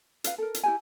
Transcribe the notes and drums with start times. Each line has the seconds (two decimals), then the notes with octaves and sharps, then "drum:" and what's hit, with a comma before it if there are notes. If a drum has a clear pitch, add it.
0.24 B4 F5, drum: hi-hat
0.38 A4 A#4
0.54 drum: hi-hat
0.63 E4 G4 G#5